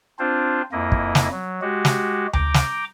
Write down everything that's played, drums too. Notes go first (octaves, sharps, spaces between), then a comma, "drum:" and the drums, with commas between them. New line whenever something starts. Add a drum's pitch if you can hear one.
C4 D4 F4 C5
F2 A#3 E4 D#5
drum: kick
drum: snare
F#3
G#3 F#4 G4
drum: snare
G5 A#5 D6, drum: tom D2
drum: snare